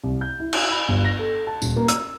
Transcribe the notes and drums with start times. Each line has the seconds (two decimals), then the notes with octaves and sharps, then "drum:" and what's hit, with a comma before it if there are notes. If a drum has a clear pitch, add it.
0.04 C2
0.21 G6
0.40 E4
0.53 drum: cymbal
0.71 B5
0.88 G1
1.04 A#6
1.19 A4
1.47 A5
1.62 D#1, drum: tambourine
1.76 A#3
1.88 E6, drum: hi-hat